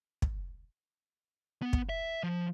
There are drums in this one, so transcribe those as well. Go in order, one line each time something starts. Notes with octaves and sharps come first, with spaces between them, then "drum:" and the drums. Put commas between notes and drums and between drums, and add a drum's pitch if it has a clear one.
drum: kick
B3
drum: kick
E5
F3